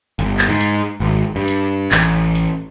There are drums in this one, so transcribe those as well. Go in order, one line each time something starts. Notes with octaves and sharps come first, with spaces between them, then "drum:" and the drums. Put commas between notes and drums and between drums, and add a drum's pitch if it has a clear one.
G1, drum: hi-hat
drum: clap
G#2
drum: hi-hat
G#1
G2
drum: hi-hat
A1, drum: clap
drum: hi-hat